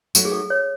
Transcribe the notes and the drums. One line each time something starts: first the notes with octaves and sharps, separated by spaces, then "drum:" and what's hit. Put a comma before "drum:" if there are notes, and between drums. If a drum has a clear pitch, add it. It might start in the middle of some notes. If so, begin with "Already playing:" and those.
F#3 A3 D#4 F#4, drum: tambourine
G#4
A4
C#5